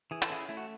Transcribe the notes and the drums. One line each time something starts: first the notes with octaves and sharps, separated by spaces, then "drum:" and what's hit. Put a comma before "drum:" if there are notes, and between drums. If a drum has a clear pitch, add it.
E3 G#4
A4, drum: hi-hat
C#4 E4 G#4
A3 E4
F#4